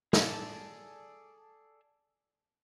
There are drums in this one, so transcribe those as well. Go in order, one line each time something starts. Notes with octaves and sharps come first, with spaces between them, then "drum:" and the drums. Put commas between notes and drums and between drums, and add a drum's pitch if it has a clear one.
G#4 A4 D5 G#5 A5, drum: snare